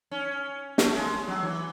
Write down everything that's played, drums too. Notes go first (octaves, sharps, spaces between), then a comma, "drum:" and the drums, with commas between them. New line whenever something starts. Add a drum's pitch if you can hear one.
C#4
A3, drum: snare
G#3
F#3
E3